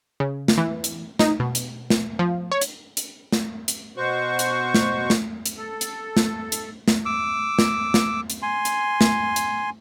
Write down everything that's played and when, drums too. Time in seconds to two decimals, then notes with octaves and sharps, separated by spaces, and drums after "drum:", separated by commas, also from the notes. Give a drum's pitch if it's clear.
0.20 C#3
0.48 drum: snare
0.58 E3
0.84 drum: hi-hat
1.19 D#4, drum: snare
1.40 B2
1.55 drum: hi-hat
1.90 drum: snare
2.19 F3
2.52 C#5
2.61 drum: hi-hat
2.97 drum: hi-hat
3.32 drum: snare
3.68 drum: hi-hat
3.97 B2 F#4 C5 C#6
4.39 drum: hi-hat
4.75 drum: snare
5.10 drum: snare
5.46 drum: hi-hat
5.57 A4
5.81 drum: hi-hat
6.17 drum: snare
6.52 drum: hi-hat
6.88 drum: snare
7.05 D6 E6
7.59 drum: snare
7.94 drum: snare
8.30 drum: hi-hat
8.42 G#5 C6
8.65 drum: hi-hat
9.01 drum: snare
9.36 drum: hi-hat